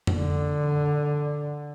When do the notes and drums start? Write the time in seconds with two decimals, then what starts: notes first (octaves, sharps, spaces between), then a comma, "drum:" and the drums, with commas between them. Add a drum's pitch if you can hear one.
0.07 drum: tom F2
0.17 D3